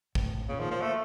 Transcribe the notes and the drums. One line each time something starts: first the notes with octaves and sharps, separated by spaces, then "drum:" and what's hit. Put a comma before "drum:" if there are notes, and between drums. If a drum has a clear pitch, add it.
A2, drum: kick
A#2 C#3
D#3 F3
F3 A#3
A3